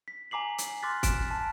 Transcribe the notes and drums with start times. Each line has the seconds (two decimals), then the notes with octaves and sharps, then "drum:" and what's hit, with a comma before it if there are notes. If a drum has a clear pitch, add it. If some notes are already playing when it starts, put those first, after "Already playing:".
0.08 B6
0.31 G#5 A#5 D6 C7 F#7
0.58 drum: hi-hat
0.83 C6 D6 F6 F#6 A6 B6
1.03 B6 D7 E7, drum: kick, hi-hat
1.31 A5